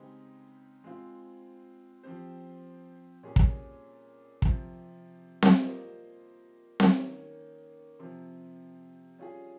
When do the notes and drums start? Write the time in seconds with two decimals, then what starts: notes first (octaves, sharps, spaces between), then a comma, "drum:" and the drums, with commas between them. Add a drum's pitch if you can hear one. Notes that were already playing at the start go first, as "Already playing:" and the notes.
Already playing: C#3 G#3 C4 D#4 G4
0.84 G#3 C4 F4 C5
2.03 F3 C4 G4 C5
3.23 A#2 G3 C#4 G#4
3.36 drum: kick
4.42 C3 F3 C4, drum: kick
5.42 drum: snare C4
5.61 G3 A#3 F4 C5 D#5
6.80 D#3 A#3 C#4, drum: snare C4
7.99 C3 F3 C4
9.19 G3 C#4 F4 G#4